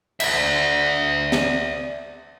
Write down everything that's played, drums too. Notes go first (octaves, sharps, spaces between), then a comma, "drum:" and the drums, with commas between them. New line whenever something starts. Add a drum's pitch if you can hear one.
D5 E5, drum: cymbal
drum: snare